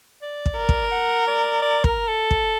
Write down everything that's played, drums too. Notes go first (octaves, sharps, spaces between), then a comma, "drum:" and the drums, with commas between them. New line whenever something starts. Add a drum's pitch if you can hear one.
D5
drum: kick
A#4
drum: kick
F#5
D5
D5
A#4, drum: kick
A4
drum: kick